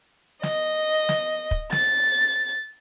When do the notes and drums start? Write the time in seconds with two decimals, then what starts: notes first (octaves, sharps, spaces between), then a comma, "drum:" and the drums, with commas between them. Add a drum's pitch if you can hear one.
0.43 D#5, drum: snare
1.09 drum: snare
1.51 drum: kick
1.72 A6, drum: snare